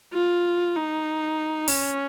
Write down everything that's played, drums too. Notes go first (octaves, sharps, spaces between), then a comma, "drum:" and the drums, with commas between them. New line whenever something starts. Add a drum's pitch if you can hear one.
F4
D#4
C#4, drum: open hi-hat